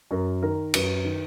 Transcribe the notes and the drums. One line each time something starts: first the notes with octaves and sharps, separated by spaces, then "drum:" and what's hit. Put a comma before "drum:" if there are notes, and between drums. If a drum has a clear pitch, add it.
F#2 A#4
D#3 A#4
F#2 B4, drum: cymbal
D#3